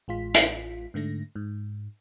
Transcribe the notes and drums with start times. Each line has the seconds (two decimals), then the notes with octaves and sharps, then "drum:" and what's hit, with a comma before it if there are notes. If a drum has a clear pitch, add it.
0.08 A1 G#3 F4 B6
0.34 drum: hi-hat
0.94 G#2 D3 A3 A#6
1.36 G#2